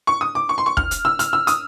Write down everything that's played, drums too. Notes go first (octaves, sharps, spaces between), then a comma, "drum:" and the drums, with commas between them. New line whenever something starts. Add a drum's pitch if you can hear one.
C#6
D#6
D6
C#6
C6
C#6
F6, drum: kick
drum: hi-hat
E6
F6, drum: hi-hat
E6
D#6, drum: hi-hat